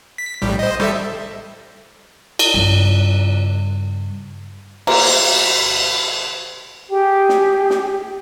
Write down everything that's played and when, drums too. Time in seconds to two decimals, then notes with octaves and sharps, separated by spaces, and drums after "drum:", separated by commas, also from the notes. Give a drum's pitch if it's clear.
0.18 B6
0.42 A#1 A2 G3
0.59 C5 D#5
0.80 G3 A4 E5, drum: rim click
2.39 drum: cymbal
2.54 G2 C#3
4.87 A#3, drum: cymbal
6.90 G4 G#4 G5
7.29 drum: snare
7.70 drum: snare